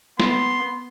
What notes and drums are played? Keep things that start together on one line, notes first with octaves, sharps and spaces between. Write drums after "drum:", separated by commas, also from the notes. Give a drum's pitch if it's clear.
B3 C6, drum: snare